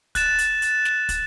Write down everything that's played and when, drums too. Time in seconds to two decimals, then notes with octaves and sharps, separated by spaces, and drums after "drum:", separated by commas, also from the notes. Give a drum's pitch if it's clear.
0.15 F#6 A6 E7, drum: kick, hi-hat
0.38 drum: hi-hat
0.62 drum: hi-hat
0.85 drum: snare
1.09 drum: kick, hi-hat